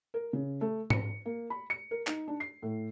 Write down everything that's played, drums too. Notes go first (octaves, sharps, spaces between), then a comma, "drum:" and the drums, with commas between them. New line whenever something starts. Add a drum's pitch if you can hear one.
A#4
C#3
A3
C#7, drum: tom G#2
A#3
B5
C#7
A#4
D#4, drum: clap
D4
C7
A2